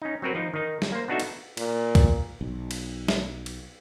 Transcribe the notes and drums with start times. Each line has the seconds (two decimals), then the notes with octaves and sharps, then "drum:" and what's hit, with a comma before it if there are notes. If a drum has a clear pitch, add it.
0.02 C#4 D#4
0.22 F#3 C4 F#4 A#4 B4
0.35 F3 D#4
0.54 D#3 D#4
0.82 drum: snare
0.92 A#3 C5
1.08 B3 D4 D#4 F#4 A4 E5
1.20 drum: cymbal
1.57 A#2, drum: cymbal
1.95 drum: kick C2, cymbal
2.41 B1
2.71 drum: cymbal
3.08 drum: snare
3.46 drum: cymbal